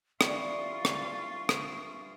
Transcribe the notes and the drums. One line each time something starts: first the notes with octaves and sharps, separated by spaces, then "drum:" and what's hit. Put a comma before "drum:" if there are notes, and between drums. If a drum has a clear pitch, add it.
G2 E3 G3 F4 C#6, drum: rim click
drum: rim click
drum: rim click